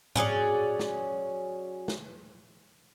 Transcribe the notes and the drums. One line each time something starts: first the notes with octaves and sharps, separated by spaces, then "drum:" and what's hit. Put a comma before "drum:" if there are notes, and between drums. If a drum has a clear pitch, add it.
F#3 C#4 G#4 D5, drum: tom G#2
drum: snare
drum: snare